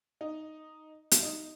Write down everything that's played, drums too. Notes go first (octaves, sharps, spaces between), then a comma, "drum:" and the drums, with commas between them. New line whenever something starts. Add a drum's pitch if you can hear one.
D#4
drum: hi-hat
D#4